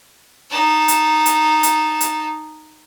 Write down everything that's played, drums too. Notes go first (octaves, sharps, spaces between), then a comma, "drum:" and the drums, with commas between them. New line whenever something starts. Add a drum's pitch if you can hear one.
D#4 A5
drum: hi-hat
drum: hi-hat
drum: hi-hat
drum: hi-hat